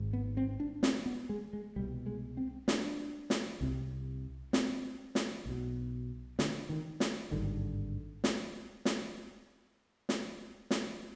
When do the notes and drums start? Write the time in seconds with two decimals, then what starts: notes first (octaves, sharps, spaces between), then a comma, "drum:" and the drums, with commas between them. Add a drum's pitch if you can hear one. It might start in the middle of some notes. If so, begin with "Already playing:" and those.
Already playing: G#1 G#2
0.13 B3
0.37 C4
0.60 D4
0.83 C4, drum: snare
1.06 B3
1.29 G#3
1.53 G#3
1.76 C2 B2 G3
2.06 G#3
2.37 C4
2.68 D4, drum: snare
3.30 drum: snare
3.61 C2 C3
4.53 C4, drum: snare
5.15 drum: snare
5.46 B1 B2
6.39 D3, drum: snare
6.69 D#3
7.00 drum: snare
7.31 G#1 G2 D3 D#3
8.24 drum: snare
8.85 drum: snare
10.09 drum: snare
10.71 drum: snare